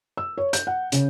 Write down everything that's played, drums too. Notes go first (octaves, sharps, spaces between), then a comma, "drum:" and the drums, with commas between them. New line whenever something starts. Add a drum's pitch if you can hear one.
E6
C#5
G6, drum: hi-hat
F#5
C#3, drum: hi-hat